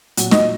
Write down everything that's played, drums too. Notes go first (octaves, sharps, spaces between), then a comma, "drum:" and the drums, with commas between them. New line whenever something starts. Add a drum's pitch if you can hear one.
A#2 F#3, drum: hi-hat
D#5, drum: snare